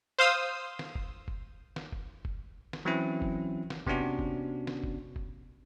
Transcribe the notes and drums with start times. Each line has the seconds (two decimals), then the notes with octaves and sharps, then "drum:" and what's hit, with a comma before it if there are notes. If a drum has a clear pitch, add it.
0.18 C5 F5 D#6 E6
0.79 drum: snare
0.95 drum: kick
1.28 drum: kick
1.76 drum: snare
1.92 drum: kick
2.25 drum: kick
2.73 drum: snare
2.85 E3 F#3 C4 C#4 E4
3.22 drum: kick
3.70 drum: snare
3.87 C3 B3 C#4 D4 F#4, drum: kick
4.19 drum: kick
4.67 drum: snare
4.84 drum: kick
5.16 drum: kick